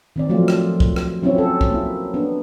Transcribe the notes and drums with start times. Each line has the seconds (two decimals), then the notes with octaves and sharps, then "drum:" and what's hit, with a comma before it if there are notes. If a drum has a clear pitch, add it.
0.16 D#3 C4 D5
0.29 F3 F#3 A3 F4
0.48 drum: rim click
0.80 drum: kick
0.96 drum: rim click
1.23 F#3 C4 C#4 E4 F#4 C#5
1.35 F4 A4
1.61 drum: kick
1.70 A#3 E4
2.14 B3 D4